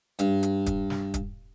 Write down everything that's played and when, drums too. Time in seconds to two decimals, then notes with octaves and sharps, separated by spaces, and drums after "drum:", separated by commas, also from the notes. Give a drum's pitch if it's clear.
0.19 G2, drum: hi-hat
0.43 drum: hi-hat
0.66 drum: kick, hi-hat
0.90 drum: snare
1.14 drum: kick, hi-hat